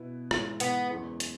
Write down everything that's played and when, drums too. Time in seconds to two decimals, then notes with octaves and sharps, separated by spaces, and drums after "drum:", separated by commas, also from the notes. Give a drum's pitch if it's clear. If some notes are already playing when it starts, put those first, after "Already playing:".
Already playing: B2 B3 E4 B4
0.31 G#2 E3 G#3 E4, drum: rim click
0.60 B3, drum: hi-hat
0.90 F#1 E2 E3 G#3
1.20 drum: hi-hat